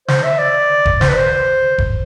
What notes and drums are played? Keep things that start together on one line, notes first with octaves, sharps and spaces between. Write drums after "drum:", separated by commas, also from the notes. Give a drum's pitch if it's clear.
C5, drum: snare
E5
D5
drum: kick F1
C5, drum: snare
B4
C5
drum: kick F1